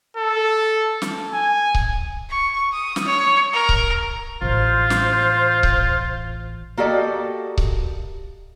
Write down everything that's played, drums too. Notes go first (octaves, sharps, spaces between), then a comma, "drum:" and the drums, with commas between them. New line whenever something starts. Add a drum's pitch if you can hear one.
A4
drum: snare
G#5
drum: kick C#1
C#6
D#6
drum: snare
C#5
A#4
drum: kick C#1
A1 F4 C5
drum: snare
drum: kick C#1
A#3 F#4 G4 A4 D5 D#5
drum: kick C#1